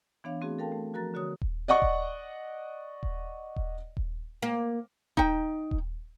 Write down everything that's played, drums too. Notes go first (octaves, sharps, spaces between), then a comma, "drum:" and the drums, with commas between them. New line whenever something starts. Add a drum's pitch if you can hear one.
E3 B3 D4 C#5 F5
A3 C4 F#4 G#4
A4 A#4 F5 G5 A5
A3
F3 F#4 A#4 A#5 F#6 A6
D3 F#4 C#5 D#6
drum: kick D#1
D5 D#5 F#5 C#6
drum: kick D#1
drum: kick D#1
drum: kick D#1
drum: kick D#1
A#3
D#4 G5, drum: kick D#1
drum: kick D#1